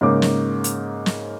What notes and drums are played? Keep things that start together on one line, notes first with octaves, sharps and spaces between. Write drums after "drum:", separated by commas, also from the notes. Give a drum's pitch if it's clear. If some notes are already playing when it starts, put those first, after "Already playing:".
G#2 C#3 A#3 D6
drum: snare
drum: hi-hat
drum: snare